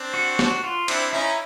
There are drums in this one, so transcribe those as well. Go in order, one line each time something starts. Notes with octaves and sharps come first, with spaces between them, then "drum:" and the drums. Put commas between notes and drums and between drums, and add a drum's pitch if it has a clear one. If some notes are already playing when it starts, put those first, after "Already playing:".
Already playing: C4 D4
F#4
F#4, drum: snare
F4
C4 D4 E4, drum: cymbal
C#4 D#4 E4